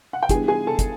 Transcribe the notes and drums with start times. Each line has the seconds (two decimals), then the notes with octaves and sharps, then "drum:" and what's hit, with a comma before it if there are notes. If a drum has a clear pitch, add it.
0.13 F#5
0.23 G5
0.29 E3 G3 B3 D4 G#4 G#5, drum: kick, hi-hat
0.48 G#4 G#5
0.67 A4 A5
0.79 drum: kick, hi-hat